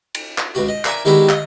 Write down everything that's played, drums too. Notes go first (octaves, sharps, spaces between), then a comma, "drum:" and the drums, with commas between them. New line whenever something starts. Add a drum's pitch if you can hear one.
drum: cymbal
drum: clap
C#2 B2 F#4
D#5
A#4 D5 E5 G#5, drum: clap
D#3 G3 G#3 B3 E4 F#4
D#5 D#6, drum: clap